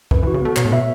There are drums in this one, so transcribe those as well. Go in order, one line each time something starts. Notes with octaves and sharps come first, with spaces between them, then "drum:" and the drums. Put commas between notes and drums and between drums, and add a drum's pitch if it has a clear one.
F#2 B4, drum: kick
E2 F#4
C#3
A3 B3
B2 C#5, drum: clap
A2
B2 E5